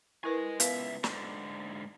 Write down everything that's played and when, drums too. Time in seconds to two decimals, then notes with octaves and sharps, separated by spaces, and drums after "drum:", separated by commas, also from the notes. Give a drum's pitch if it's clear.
0.24 E4 A#4 B4 D#5 G#5
0.60 C#2 B3 B4 E5 F5, drum: hi-hat
1.04 G#2 D3, drum: snare